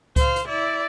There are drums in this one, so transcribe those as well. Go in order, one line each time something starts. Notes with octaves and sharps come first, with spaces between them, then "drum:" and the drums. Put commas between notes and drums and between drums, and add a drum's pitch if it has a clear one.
C5 F5, drum: kick C#2, hi-hat
drum: hi-hat
E4 D5